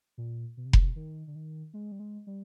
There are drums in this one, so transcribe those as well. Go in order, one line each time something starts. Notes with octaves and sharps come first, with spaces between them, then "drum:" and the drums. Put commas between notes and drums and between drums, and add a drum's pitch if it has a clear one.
A#2
B2
C3
B2, drum: kick F1
D#3
D3
D#3
G#3
G3
G#3
G3